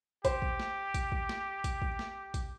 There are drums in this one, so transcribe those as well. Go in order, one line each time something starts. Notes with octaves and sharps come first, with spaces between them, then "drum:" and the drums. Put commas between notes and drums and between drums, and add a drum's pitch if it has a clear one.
G4 C5, drum: kick, hi-hat
drum: kick
drum: snare
drum: kick, hi-hat
drum: kick
drum: snare
drum: kick, hi-hat
drum: kick
drum: snare
drum: kick, hi-hat